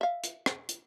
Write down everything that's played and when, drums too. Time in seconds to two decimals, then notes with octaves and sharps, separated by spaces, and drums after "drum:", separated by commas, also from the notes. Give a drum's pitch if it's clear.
0.01 E5 F5
0.24 drum: hi-hat
0.46 drum: rim click
0.69 drum: hi-hat